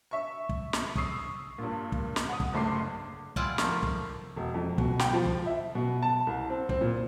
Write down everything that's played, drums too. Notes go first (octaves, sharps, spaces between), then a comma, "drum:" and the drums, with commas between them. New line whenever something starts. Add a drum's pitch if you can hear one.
E5 C#6
drum: kick
drum: snare
C#6 D#6 E6 C7, drum: kick
G2 A#2
drum: kick
drum: snare
F#5 D#6
drum: kick
F#1 G2 A3 C6 D6 C7
G3 E4 F4 D5 F#5 G#5, drum: kick
F3 A3 A#3, drum: snare
drum: kick
E1
F2
B2, drum: kick
G5, drum: snare
F3
drum: kick
E5
B2
A5
C2
C4
C4, drum: kick
A#2